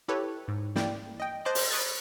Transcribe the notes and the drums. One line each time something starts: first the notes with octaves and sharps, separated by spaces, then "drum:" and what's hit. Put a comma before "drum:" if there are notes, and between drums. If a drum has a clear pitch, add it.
E4 G4 A4 B4 C#5
G#2
A#3 E4 D5 G5, drum: snare
D#5 G5
C5 D#5 A5 C6 D6 F#6
drum: open hi-hat
B5 C#6 D#6 F#6 G#6 A6